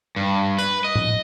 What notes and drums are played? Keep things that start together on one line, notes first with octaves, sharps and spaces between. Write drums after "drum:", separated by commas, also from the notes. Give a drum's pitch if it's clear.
G2
B4, drum: hi-hat
D#5
drum: tom A2